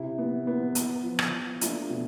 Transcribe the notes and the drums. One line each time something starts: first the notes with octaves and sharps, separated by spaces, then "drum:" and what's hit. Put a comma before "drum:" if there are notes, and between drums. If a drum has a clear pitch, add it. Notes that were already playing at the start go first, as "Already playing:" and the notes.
Already playing: C3 E4
B3
B3
B3, drum: hi-hat
F3
drum: rim click
F3
A3 D4 F4, drum: hi-hat
B2